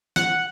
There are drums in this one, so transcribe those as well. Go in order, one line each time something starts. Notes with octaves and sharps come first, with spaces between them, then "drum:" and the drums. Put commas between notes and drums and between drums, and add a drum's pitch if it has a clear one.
F#5, drum: snare